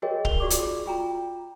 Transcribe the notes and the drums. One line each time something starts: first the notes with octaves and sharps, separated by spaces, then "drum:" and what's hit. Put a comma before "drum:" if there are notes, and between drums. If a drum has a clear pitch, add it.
F#4 G#4 A#4 C#5 D#5 G5
F7 G7, drum: kick
F4 F#4 G#4 D5 C#6 D6
drum: hi-hat
F4 G5 A#5